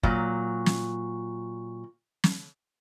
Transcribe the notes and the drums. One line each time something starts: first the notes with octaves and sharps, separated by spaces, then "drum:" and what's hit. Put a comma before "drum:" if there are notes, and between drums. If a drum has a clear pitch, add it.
A#2 F#3, drum: kick
drum: snare
drum: snare